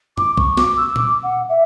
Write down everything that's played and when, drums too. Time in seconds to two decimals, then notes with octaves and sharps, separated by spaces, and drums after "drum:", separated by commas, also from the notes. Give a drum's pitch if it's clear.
0.18 D6, drum: tom F2
0.37 C#6, drum: kick
0.57 D6, drum: snare
0.77 E6
0.96 D6, drum: tom A#2
1.23 F#5
1.49 E5